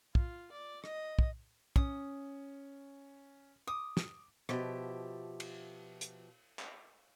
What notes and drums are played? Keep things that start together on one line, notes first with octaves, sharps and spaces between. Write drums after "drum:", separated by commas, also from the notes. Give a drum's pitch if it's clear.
F4, drum: kick
D5
D#5, drum: rim click
drum: kick
C#4 D#6, drum: kick
D6 D#6
drum: snare
B2 F3 G4 E5, drum: rim click
drum: cymbal
drum: hi-hat
drum: clap